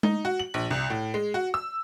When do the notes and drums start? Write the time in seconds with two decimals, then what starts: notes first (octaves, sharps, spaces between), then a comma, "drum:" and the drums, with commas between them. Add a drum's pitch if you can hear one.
0.03 D#4, drum: tom G#3
0.25 F#4
0.39 F#7
0.54 A#1
0.71 C2
0.90 A2
1.14 G#3
1.34 F#4
1.54 E6